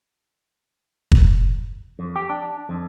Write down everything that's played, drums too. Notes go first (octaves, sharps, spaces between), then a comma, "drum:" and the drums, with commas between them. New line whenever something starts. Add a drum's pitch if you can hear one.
drum: kick
F2
G4
D4
F2